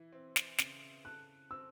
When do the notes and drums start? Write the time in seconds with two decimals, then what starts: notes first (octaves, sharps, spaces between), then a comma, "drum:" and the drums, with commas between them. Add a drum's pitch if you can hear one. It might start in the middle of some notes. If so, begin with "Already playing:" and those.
Already playing: E3 E4
0.13 C4
0.36 drum: snare
0.58 C#3, drum: snare
1.05 A4 F#6
1.51 C4 E6